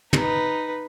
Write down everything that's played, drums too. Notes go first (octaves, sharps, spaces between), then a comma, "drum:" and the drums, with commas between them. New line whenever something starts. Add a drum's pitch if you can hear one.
D#4 B4, drum: tom